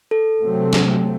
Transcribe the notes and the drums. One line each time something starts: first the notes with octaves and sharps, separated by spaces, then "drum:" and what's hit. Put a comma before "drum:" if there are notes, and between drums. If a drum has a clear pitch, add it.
A4
C3 F#3 A3 C4
drum: snare